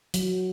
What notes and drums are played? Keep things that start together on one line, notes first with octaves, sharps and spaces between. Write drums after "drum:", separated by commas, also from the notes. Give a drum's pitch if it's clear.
F#3, drum: hi-hat